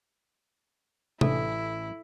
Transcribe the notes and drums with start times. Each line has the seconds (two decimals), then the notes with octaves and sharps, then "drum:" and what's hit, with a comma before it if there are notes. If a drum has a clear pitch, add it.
1.21 A1 C#4 E4 A4 D5 E5, drum: tom C3